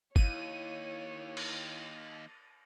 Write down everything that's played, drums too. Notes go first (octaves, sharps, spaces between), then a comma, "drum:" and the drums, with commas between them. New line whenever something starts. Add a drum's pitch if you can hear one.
D#2 E4 C#5 F5 D#7, drum: kick
drum: cymbal